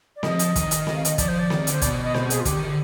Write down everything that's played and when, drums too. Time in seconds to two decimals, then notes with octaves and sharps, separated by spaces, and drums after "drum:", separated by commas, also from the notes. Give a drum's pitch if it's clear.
0.16 D5
0.23 F3 D#5, drum: snare C4
0.39 drum: hi-hat
0.56 D#3, drum: kick, hi-hat
0.71 drum: hi-hat
0.87 D#5, drum: snare C4
0.96 F5
1.05 D#5, drum: hi-hat
1.18 F3 D5, drum: kick, hi-hat
1.28 C5
1.39 D5
1.50 D#3, drum: snare C4
1.67 D3, drum: hi-hat
1.73 C5
1.82 B2 D5, drum: kick, hi-hat
2.03 D#5
2.14 C5, drum: snare C4
2.30 G#4, drum: hi-hat
2.40 F4
2.45 D3 G4, drum: kick, hi-hat
2.56 D#3
2.66 D3